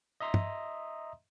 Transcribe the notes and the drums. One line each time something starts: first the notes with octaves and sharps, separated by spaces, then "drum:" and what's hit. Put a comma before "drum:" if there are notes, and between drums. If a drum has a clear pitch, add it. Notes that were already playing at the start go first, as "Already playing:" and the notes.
D#5 E5 A#5 C6 D#6
drum: tom